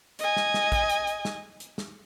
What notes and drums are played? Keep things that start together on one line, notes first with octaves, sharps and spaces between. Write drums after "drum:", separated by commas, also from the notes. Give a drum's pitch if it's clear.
D#5 G#5, drum: hi-hat
drum: snare
drum: snare
drum: kick, hi-hat
drum: hi-hat
drum: hi-hat
drum: snare
drum: hi-hat
drum: snare